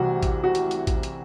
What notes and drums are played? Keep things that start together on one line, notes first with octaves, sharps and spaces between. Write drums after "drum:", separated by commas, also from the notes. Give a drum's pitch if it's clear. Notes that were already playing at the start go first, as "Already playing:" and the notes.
Already playing: C2 C3 E3 F#4
drum: kick A1, hi-hat
F#4
drum: hi-hat
drum: hi-hat
drum: kick A1, hi-hat
drum: hi-hat